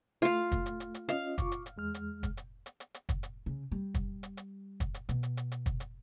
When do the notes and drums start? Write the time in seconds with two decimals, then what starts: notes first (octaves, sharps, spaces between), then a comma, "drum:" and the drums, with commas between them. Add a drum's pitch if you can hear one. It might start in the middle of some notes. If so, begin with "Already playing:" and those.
0.22 A3 F4 F5
0.52 drum: kick, hi-hat
0.66 drum: hi-hat
0.80 drum: hi-hat
0.94 drum: hi-hat
1.09 C#4 F4 D#5 F5, drum: hi-hat
1.38 F4 C#6 D6, drum: kick, hi-hat
1.52 drum: hi-hat
1.66 drum: hi-hat
1.76 E2 G#3 F6
1.94 drum: hi-hat
2.23 drum: kick, hi-hat
2.37 drum: hi-hat
2.66 drum: hi-hat
2.80 drum: hi-hat
2.94 drum: hi-hat
3.09 drum: kick, hi-hat
3.23 drum: hi-hat
3.46 C#3
3.72 G3
3.94 drum: kick, hi-hat
4.23 drum: hi-hat
4.37 drum: hi-hat
4.80 drum: kick, hi-hat
4.94 drum: hi-hat
5.09 B2, drum: hi-hat
5.23 drum: hi-hat
5.37 drum: hi-hat
5.52 drum: hi-hat
5.66 drum: kick, hi-hat
5.80 drum: hi-hat